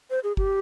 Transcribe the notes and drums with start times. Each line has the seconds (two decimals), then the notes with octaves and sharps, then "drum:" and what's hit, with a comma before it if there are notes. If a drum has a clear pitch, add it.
0.10 C5
0.24 G#4
0.37 G4, drum: kick